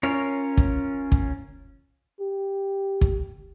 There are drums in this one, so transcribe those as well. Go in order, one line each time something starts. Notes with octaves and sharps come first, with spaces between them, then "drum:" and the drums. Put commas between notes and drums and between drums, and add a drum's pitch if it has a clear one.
C#4 F4 A#4 C#5
drum: kick
drum: kick
G4
drum: kick